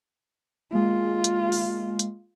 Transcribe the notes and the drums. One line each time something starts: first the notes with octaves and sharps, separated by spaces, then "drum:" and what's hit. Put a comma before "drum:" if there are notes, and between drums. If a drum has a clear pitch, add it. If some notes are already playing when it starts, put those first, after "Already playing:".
G#3 A#3 F4
drum: hi-hat
drum: open hi-hat
drum: hi-hat